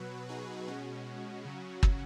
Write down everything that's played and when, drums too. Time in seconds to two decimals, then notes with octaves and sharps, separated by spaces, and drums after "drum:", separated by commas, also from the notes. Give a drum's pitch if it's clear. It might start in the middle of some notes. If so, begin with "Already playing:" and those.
Already playing: B2 F#3 F#4 B4
0.29 D#4 G#4
0.67 B2 G#3 C#4 F#4
1.45 C#3 F#3
1.83 drum: kick